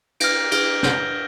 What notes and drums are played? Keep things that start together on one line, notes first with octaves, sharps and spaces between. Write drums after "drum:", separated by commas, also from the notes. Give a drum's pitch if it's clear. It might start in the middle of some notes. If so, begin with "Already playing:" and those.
F6 A#6 D7, drum: cymbal
F6 D7 G7, drum: cymbal
G6 A#6 G7, drum: snare